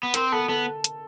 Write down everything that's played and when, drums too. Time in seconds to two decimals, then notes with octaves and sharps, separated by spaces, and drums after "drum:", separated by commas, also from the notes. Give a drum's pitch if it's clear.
0.03 B3
0.14 C4 A#4, drum: hi-hat
0.32 B3 A4
0.49 B3 A4
0.84 drum: hi-hat